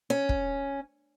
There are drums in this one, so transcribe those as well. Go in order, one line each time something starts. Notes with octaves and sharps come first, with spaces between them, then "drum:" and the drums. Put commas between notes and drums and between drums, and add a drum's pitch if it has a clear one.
C#4
drum: kick